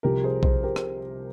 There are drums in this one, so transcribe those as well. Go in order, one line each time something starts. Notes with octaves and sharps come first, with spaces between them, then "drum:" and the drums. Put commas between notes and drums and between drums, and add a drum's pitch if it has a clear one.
C2 C3 F3 G4 A#4
G#4 C5
G#4 C5, drum: kick
G4 A#4
drum: rim click